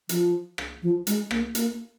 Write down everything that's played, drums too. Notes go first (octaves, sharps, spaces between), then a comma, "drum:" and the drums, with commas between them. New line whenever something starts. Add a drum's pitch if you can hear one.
F3, drum: hi-hat
drum: rim click
F3
G#3, drum: hi-hat
A#3, drum: rim click
A#3, drum: hi-hat